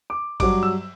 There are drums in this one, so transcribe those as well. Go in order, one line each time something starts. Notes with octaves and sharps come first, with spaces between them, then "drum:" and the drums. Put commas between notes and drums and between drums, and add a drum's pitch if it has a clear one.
D6
G2 F#3 D6, drum: kick, cymbal
E6